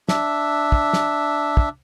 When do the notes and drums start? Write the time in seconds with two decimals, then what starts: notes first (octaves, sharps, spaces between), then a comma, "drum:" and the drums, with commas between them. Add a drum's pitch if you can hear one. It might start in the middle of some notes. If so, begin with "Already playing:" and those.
0.09 D4 E5, drum: snare
0.72 drum: kick
0.93 drum: snare
1.57 drum: kick